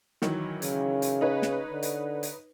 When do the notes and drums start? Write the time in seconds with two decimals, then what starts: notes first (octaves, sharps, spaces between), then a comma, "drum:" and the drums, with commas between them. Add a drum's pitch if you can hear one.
0.22 D#3 E3 F#3, drum: snare
0.62 C#3, drum: hi-hat
1.02 drum: hi-hat
1.21 D#4 B4 C#5
1.42 drum: snare
1.71 D3
1.83 drum: hi-hat
2.23 drum: hi-hat